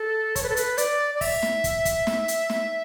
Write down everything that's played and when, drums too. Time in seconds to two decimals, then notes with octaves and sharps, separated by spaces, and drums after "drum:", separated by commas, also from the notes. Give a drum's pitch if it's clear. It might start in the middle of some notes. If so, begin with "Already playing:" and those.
Already playing: A4
0.36 C#5, drum: kick, hi-hat
0.43 B4
0.49 A4
0.57 B4, drum: hi-hat
0.78 D5, drum: hi-hat
1.15 D5
1.21 E5, drum: kick, open hi-hat
1.42 drum: snare
1.64 drum: kick, hi-hat
1.85 drum: kick, hi-hat
2.07 drum: snare
2.28 drum: hi-hat
2.50 drum: snare